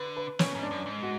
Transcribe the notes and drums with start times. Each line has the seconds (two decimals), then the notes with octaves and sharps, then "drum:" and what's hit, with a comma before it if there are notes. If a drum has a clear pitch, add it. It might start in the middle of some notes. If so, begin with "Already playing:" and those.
Already playing: D3 B4
0.16 B4
0.39 B2 C#4, drum: snare
0.55 G#2
0.63 D4
0.71 F#2
0.86 G#2
1.03 F#4